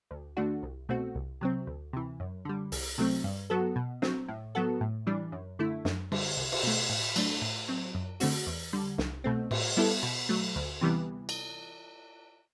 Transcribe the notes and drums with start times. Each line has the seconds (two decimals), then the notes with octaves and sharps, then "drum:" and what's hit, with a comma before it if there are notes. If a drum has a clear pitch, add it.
0.11 D2
0.37 D3 A3 D4 F#4
0.63 C2
0.89 B2 A3 C4 F#4
1.15 C2
1.41 C3 F#3 C4
1.67 D2
1.93 C3 E3
2.20 F#2
2.45 D3 G3
2.72 C2, drum: open hi-hat
2.98 C3 F#3 A3 C4
3.24 G2
3.50 F#3 B3 F#4 A4
3.76 B2
4.02 F#3 C4, drum: snare
4.28 A2
4.55 F#3 B3 F#4 A4
4.81 A2
5.07 E3 G3 D4
5.32 F#2
5.59 D3 A3 E4
5.85 F#2, drum: snare
6.12 D3 G3, drum: cymbal
6.37 C2
6.52 drum: cymbal
6.63 B2 A3
6.89 A2
7.16 F#3 A3 D4, drum: cymbal
7.42 A2
7.68 F#3 C4
7.95 F#2
8.20 D3 A3 C4 F#4, drum: open hi-hat
8.47 E2
8.73 D3 G3
8.98 C2, drum: snare
9.24 B2 A3 C4
9.51 A2, drum: cymbal
9.77 G3 B3 E4 A4
10.03 B2
10.29 F#3 A3
10.56 D2
10.81 C3 E3 G3 B3
11.29 drum: cymbal